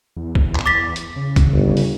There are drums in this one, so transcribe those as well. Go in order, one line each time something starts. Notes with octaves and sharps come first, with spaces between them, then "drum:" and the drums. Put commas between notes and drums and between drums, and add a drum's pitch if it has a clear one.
E2
drum: kick
drum: clap
D6 A6 B6
drum: hi-hat
C#3
drum: kick, hi-hat
G1
drum: open hi-hat